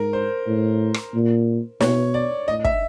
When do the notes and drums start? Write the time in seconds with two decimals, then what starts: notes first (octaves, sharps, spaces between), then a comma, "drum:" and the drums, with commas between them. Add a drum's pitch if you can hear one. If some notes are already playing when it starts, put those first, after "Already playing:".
Already playing: G#2 A#4
0.13 C5
0.47 A2
0.94 drum: rim click
1.14 A#2
1.81 B2 C#5, drum: snare
2.14 D5
2.48 A2 D#5
2.65 E5, drum: kick